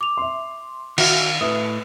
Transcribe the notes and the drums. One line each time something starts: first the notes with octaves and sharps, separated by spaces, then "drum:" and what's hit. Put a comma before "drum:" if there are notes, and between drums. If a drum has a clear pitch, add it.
D6 F7
E5 C6
D#3 F#4 E5 F5, drum: cymbal
A2 B4 E5 D#6